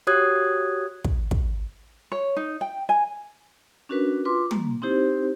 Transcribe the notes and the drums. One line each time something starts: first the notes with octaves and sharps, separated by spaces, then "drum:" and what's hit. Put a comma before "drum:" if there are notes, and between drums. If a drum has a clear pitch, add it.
F#4 G4 C#5 D#6 F#6 G#6
drum: kick
drum: kick
C#5
D#4
G5
G#5
C#4 D4 F#4 A#4 B4
F4 B4 C6 D6
A#3, drum: tom
C4 D#4 E4 G4 C5